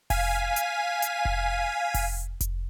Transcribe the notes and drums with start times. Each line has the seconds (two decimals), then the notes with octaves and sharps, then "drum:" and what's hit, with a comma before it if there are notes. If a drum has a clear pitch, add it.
0.10 F5 G#5 B6 D#7, drum: kick F1, open hi-hat
0.56 drum: hi-hat
1.02 drum: hi-hat
1.25 drum: kick F1
1.94 drum: kick F1, open hi-hat
2.41 drum: kick F1, hi-hat